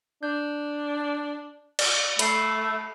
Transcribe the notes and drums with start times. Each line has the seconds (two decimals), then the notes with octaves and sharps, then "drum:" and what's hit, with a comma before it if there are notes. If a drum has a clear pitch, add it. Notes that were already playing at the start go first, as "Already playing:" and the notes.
0.23 D4 G6
1.79 D5, drum: cymbal
2.19 A3 B5 C7, drum: hi-hat